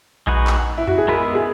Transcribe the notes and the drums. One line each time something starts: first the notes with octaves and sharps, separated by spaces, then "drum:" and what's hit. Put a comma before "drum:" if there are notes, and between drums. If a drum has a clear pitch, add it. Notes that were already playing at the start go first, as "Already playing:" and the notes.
G#3 D#4 F#4 B4, drum: kick A#1
drum: clap
E4
F#4, drum: tom F2
G#4
G#3 B3 E4 A#4 B4
G#4